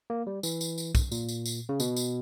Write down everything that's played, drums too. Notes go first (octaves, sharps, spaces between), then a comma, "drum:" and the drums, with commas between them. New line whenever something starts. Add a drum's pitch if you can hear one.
A#3
G3
E3, drum: tambourine
drum: tambourine
drum: tambourine
drum: kick, tambourine
A#2, drum: tambourine
drum: tambourine
drum: tambourine
C#3
B2, drum: tambourine
drum: tambourine